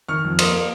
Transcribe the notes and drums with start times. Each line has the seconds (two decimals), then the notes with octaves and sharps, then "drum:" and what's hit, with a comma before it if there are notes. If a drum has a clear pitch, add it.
0.09 D#3 C#6 F6
0.24 F2
0.39 A#3 C6 D#6, drum: cymbal
0.54 A#3